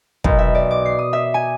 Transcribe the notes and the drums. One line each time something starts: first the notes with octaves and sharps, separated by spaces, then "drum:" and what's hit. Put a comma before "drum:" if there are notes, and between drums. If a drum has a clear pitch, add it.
B1, drum: kick
E5
D5
D6
C7
D#6
E5
G#5